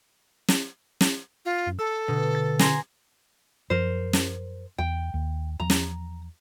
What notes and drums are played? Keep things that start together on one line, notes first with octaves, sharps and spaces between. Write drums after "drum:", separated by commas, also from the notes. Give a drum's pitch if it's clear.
drum: snare
drum: snare
F4
F#2
A4 E6
B2 D3
A6
G#5 A#5 C6, drum: snare
F#2 F3 A#4 C5
drum: snare
E2 G5
D#2
E2 F3 A#5
drum: snare